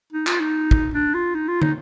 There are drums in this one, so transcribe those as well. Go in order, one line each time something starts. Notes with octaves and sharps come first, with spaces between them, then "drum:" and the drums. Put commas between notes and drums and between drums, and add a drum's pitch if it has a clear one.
D#4
F4, drum: clap
D#4
drum: kick
D4
F4
D#4
F4
D#4, drum: tom